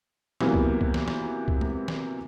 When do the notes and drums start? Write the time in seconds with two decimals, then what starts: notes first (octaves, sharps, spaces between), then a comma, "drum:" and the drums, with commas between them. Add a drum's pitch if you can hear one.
0.41 C3 E3 F#3 A#3 B3, drum: snare
0.54 drum: kick C#2
0.81 drum: kick C#2
0.94 drum: snare
1.08 drum: snare
1.48 drum: kick C#2
1.61 drum: tom G#3
1.88 drum: snare